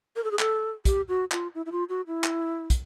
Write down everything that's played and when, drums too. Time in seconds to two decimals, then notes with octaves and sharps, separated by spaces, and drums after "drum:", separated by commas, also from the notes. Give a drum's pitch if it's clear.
0.16 A#4
0.24 A4
0.31 G#4
0.39 A4, drum: clap
0.85 G4, drum: kick, hi-hat
1.09 F#4
1.32 F4, drum: clap
1.55 E4
1.66 E4
1.72 F4
1.89 F#4
2.07 E4
2.24 drum: clap
2.70 drum: kick, hi-hat